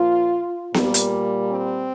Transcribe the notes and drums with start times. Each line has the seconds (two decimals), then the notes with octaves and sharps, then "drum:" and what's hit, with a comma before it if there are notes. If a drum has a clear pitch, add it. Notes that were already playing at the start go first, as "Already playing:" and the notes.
Already playing: A#2 F3 F4
0.74 A#2 G3 A#3, drum: snare B3
0.94 drum: hi-hat
1.50 C4